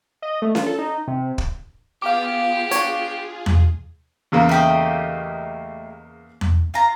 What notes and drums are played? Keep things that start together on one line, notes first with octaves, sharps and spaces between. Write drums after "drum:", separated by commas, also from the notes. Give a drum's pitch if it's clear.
D#5
A3
F4, drum: snare C#4
A4
D#4
C3
drum: kick
B3 F4 G4 G#4 F5 D6
D4 F4 G#4 C#5, drum: hi-hat
drum: tom E2
E2 C#3 A#3
A3 G4 D#5
drum: tom E2
F4 A#5